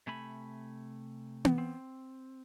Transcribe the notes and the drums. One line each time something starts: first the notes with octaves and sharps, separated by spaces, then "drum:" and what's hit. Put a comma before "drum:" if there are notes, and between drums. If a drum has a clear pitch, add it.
C3 A3 G#5 B5
drum: tom B3
C4